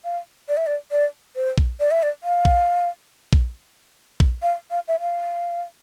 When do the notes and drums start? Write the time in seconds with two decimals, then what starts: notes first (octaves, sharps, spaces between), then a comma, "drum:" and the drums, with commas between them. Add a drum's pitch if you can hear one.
0.04 F5
0.48 D5
0.57 E5
0.66 D5
0.91 D5
1.36 C5
1.58 drum: kick A#1
1.80 D5
1.91 E5
2.03 D5
2.23 F5
2.45 drum: kick A#1
3.33 drum: kick A#1
4.20 drum: kick A#1
4.42 F5
4.71 F5
4.88 E5
5.00 F5